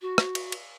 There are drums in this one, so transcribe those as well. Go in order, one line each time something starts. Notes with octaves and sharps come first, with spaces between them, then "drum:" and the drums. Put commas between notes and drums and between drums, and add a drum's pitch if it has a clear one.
F#4
drum: rim click
drum: cymbal
drum: cymbal